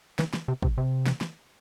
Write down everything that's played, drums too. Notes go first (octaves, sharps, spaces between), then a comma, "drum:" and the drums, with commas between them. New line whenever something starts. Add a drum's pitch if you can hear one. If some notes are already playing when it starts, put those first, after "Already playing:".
E3, drum: snare
drum: snare
C3
C3, drum: kick
C3
drum: snare
drum: snare